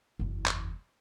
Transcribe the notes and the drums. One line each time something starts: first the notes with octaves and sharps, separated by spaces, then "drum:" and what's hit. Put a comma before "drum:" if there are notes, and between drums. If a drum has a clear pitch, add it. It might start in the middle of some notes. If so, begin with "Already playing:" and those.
F#1 E2
drum: clap